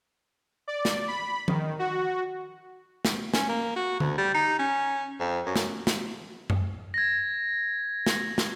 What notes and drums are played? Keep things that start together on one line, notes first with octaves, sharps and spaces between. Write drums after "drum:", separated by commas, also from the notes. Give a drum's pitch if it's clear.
D5
drum: snare
B5
D#3, drum: tom F3
F#4
drum: snare
C#4, drum: snare
A#3
F#4
D2, drum: tom D3
G3
D#4
C#4
F2
F#2
drum: snare
drum: snare
drum: tom F#2
G#6 A#6
drum: snare
drum: snare